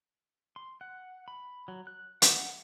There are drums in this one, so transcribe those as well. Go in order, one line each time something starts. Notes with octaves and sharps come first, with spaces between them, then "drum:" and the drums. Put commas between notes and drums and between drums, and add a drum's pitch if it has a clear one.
C6
F#5
B5
F#3
F#6
F#5, drum: hi-hat